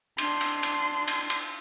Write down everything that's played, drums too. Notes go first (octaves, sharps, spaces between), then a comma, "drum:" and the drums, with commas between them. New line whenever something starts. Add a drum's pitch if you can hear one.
D4 C6, drum: cymbal
drum: cymbal
drum: cymbal
drum: cymbal
drum: cymbal